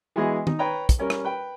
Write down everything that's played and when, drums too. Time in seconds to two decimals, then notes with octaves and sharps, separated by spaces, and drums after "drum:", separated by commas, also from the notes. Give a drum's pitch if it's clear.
0.16 E3 G#3 B3 F#4 G#4 D#5
0.47 D#4, drum: tom D#3
0.59 B4 C#5 G5 A#5
0.89 drum: kick, hi-hat
0.99 G3 C#4 A#4
1.10 drum: rim click
1.24 B4 G5